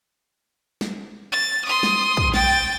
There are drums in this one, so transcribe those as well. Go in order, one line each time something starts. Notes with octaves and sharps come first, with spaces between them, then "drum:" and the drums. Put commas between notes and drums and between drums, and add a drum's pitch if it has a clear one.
drum: snare
A6
C6 D#6
drum: snare
drum: kick
G5 A6, drum: snare